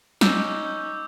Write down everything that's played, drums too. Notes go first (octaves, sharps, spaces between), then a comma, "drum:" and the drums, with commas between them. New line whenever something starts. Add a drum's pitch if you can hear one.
C#4 D#4 D6 E6 G6, drum: snare